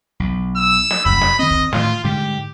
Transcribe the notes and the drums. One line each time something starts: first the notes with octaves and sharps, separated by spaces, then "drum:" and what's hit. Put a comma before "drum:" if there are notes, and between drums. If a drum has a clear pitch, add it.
B1
E6
drum: snare
F1 F#2 B5, drum: kick
drum: snare
D#3 C4 D#5
drum: kick
A2 D#3 F4, drum: snare
G#2 D3 G3 G4